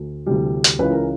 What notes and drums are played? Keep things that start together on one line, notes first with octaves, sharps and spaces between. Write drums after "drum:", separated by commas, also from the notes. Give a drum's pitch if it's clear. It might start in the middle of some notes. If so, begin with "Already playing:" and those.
Already playing: D2
D2 C3 E3 G3
drum: hi-hat
C#2 C#3 E3 B4
A#4